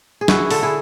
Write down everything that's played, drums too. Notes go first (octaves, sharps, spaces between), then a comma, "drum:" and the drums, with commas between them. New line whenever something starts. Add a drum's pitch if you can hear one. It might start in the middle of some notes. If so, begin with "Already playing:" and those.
G#4
E4 F#4, drum: snare
D3 A4, drum: open hi-hat
E4 G#4